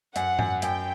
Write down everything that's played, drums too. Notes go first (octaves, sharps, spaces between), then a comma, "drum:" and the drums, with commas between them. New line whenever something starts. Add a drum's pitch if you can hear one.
F#2 F#5, drum: hi-hat
F#2, drum: tom G#2
F#2 G5, drum: hi-hat